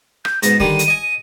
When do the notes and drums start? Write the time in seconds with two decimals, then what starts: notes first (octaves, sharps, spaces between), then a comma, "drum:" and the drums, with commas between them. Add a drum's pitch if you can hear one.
0.25 G6, drum: rim click
0.43 G#2 B2 A#6, drum: hi-hat
0.60 D3 D#3 G3 D#7, drum: kick F1
0.79 drum: hi-hat
0.88 D#5 G#5
1.03 D#7